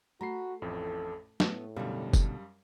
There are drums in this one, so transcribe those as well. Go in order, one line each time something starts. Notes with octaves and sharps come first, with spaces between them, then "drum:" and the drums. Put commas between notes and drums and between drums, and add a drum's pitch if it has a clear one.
A3 F#4 A#5 B5 C7
A1 F2 A2 A4
A2 A3 B3 A4, drum: snare
F#2 B2 D3 G3 F5
drum: kick, tambourine